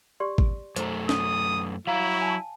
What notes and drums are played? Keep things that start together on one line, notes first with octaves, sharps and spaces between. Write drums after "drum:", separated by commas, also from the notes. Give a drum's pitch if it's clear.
G4 D5 C6
drum: kick G#1
F#2 A3 C5 A#5, drum: hi-hat
D#6, drum: snare
F#3 E4 F5 A#5
G#5 A5